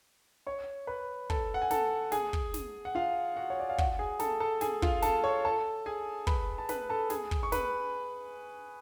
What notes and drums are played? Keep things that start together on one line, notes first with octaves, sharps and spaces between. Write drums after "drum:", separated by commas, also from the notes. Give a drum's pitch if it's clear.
C#5 C#6
B4 B5
A4 A5, drum: kick
F#5
G#5
A4 A5, drum: snare
G#4 G#5, drum: snare
drum: kick
drum: snare
F#5
F4 F5
F#4 F#5
C#5
D5
F5
F#4 F#5, drum: kick
G#4 G#5
A4 A5, drum: snare
A4 A5
G#4 G#5, drum: snare
F4 F5, drum: kick
A4 A5, drum: snare
C#5 C#6
A4 A5
G#4 G#5
B4 B5, drum: kick
A5
B4 B5, drum: snare
A4 A5
G#4 G#5, drum: snare
drum: kick
C#6
B4 B5, drum: snare